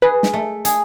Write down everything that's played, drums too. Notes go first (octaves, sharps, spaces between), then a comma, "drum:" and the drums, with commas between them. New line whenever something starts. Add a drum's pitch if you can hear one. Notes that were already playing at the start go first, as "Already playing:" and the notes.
G#4 B4
drum: snare
A3
G#4, drum: hi-hat